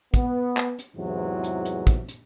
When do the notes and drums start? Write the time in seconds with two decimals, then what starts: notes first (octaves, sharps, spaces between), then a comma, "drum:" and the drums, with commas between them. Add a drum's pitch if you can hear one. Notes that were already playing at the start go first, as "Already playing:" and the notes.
0.14 B3, drum: kick, hi-hat
0.57 drum: clap
0.79 drum: hi-hat
0.96 E2 G#2 C3 E3 F#3
1.44 drum: hi-hat
1.65 drum: hi-hat
1.87 drum: kick, hi-hat
2.08 drum: hi-hat